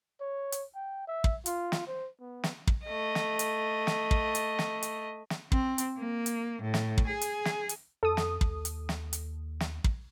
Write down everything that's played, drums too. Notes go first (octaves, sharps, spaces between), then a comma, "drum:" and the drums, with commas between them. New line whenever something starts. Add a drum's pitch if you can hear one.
C#5
drum: hi-hat
G5
E5
drum: kick
F4, drum: hi-hat
drum: snare
C5
B3
drum: snare
drum: kick
A3 D#5
drum: snare
drum: hi-hat
drum: snare
drum: kick
drum: hi-hat
drum: snare
drum: hi-hat
drum: snare
C4, drum: kick
drum: hi-hat
A#3
drum: hi-hat
A2
drum: snare
drum: kick
G#4
drum: hi-hat
drum: snare
drum: hi-hat
F2 A4 D#6
drum: snare
D#2, drum: kick
drum: hi-hat
drum: snare
drum: hi-hat
drum: snare
drum: kick